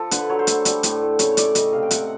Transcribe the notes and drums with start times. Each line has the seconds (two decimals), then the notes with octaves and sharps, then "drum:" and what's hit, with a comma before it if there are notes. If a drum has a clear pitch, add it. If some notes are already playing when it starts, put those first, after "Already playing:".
Already playing: F3 A4
0.11 D3 B4, drum: hi-hat
0.30 F#3 C#5
0.39 C5
0.47 A3, drum: hi-hat
0.65 G3, drum: hi-hat
0.83 A2, drum: hi-hat
1.02 A2
1.19 C#3 C#5, drum: hi-hat
1.37 A3 D5, drum: hi-hat
1.55 C#3 D#5, drum: hi-hat
1.73 C3 F5
1.83 G5
1.91 C3 F#5, drum: hi-hat
2.03 F#5